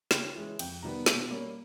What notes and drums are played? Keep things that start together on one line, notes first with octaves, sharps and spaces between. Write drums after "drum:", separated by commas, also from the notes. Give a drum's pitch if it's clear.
C#3 G5, drum: snare
E3 G#3 C#4
F2 G5, drum: cymbal
C3 D#3 G3 B3 A#5
B2, drum: snare
G3 A#3 C#4